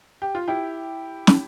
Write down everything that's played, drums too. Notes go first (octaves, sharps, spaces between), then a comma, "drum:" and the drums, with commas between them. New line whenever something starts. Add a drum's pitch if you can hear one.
G4
F4
E4 G4
drum: snare